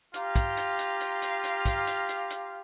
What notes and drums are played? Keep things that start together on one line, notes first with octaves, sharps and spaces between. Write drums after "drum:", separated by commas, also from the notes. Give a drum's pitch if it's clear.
F4 G4 F5 A#5, drum: hi-hat
drum: kick, hi-hat
drum: hi-hat
drum: hi-hat
drum: hi-hat
drum: hi-hat
drum: hi-hat
drum: kick, hi-hat
drum: hi-hat
drum: hi-hat
drum: hi-hat